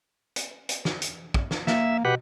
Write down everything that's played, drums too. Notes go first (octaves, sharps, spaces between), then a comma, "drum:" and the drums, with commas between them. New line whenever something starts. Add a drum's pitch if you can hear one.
drum: hi-hat
drum: hi-hat
drum: snare
drum: hi-hat
drum: kick
drum: snare
A#3 E5, drum: snare
B2 G4 B4 F#5